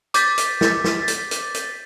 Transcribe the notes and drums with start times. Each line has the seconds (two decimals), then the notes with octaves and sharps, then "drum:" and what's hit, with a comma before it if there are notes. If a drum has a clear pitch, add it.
0.14 D6 G6 A6 B6, drum: hi-hat
0.38 drum: hi-hat
0.61 drum: snare
0.84 drum: snare
1.08 drum: hi-hat
1.31 drum: hi-hat
1.54 drum: hi-hat